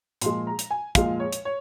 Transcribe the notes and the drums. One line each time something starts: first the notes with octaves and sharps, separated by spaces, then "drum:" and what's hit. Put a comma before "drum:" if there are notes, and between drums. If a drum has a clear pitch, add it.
A#2 F3 G#3 C6, drum: hi-hat
A#5
drum: hi-hat
G#5
A#2 F3 G#3 F5, drum: kick, hi-hat
C#5
drum: hi-hat
C#5